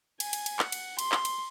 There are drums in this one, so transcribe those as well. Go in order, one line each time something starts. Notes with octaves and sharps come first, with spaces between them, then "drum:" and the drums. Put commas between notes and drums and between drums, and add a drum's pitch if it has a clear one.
G#5, drum: cymbal
drum: cymbal
drum: cymbal
F#5, drum: clap
drum: cymbal
C6, drum: cymbal
drum: clap
drum: cymbal